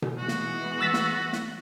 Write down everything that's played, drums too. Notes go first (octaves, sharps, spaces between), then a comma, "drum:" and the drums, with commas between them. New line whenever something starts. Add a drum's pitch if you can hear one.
drum: tom B2
E3 G#3 B3 F#4
drum: snare
E6 A6 B6
drum: snare
drum: snare